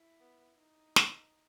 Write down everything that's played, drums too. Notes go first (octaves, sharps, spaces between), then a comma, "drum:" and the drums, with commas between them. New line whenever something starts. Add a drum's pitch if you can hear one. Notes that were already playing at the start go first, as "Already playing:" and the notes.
Already playing: E4
B3
D#4
B3, drum: snare